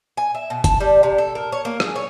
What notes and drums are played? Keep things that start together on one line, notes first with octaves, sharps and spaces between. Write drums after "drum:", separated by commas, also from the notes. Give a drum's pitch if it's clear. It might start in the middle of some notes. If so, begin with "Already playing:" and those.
G#5
E5
B2
A5, drum: kick, hi-hat
G3
C3
A4
A#4
C#5
A#3
G#4, drum: rim click
C#5